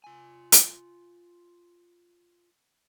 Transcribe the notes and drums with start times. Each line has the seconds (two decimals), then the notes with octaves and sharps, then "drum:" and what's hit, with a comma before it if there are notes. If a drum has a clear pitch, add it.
0.04 F4 G#5
0.52 drum: hi-hat